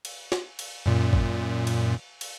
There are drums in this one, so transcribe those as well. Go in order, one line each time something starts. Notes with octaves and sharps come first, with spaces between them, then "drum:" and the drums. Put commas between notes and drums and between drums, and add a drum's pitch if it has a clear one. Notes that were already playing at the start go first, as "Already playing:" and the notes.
drum: cymbal
drum: snare
drum: cymbal
F#2 A#2
drum: kick
drum: cymbal
drum: cymbal